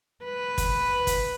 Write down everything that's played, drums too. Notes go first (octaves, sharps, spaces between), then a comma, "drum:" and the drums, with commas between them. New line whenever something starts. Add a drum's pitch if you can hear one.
B4
drum: kick, hi-hat
drum: kick, hi-hat